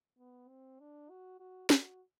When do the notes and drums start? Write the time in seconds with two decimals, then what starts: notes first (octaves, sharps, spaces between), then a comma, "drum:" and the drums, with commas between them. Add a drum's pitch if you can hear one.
0.19 B3
0.49 C4
0.80 D4
1.10 F#4
1.40 F#4
1.70 F#4, drum: snare